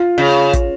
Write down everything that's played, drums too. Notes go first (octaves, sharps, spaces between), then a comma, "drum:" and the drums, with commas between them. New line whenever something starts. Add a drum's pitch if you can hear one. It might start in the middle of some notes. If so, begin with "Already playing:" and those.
Already playing: F4
C#3
drum: kick, hi-hat